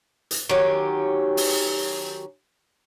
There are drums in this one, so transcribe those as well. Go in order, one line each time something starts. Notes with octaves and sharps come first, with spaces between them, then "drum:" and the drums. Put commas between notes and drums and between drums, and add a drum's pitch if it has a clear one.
drum: hi-hat
D#3 F#3 C#4 G4, drum: rim click
drum: open hi-hat